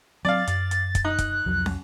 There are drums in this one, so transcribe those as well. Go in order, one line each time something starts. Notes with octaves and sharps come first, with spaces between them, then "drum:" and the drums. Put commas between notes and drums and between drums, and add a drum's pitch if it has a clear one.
F#3 C4 D5 F5 A6
F#2, drum: hi-hat
drum: hi-hat
drum: kick, hi-hat
D#4 F#6
drum: kick, hi-hat
C2 F2 F#3
drum: snare